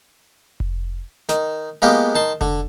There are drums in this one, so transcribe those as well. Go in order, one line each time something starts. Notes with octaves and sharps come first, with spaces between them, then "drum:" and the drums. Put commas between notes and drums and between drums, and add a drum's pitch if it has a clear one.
drum: kick F1
D#3, drum: snare
G#3 A#3 B3 F4 G4 B4
D#3 A5 C6
D3, drum: kick F1